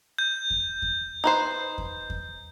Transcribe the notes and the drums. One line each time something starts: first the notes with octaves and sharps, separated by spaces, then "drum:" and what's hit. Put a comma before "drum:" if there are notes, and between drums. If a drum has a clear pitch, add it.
G6
drum: kick E2
drum: kick E2
D#4 B4 C5
drum: kick E2
drum: kick E2